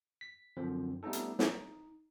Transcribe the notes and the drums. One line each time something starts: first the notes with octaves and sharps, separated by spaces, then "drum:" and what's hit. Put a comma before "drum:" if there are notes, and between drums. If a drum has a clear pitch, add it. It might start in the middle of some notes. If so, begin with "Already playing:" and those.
B6
F#2 D3 F3 C4
G3 A3 B3 C#4 D#4 A4
drum: hi-hat
D#4, drum: snare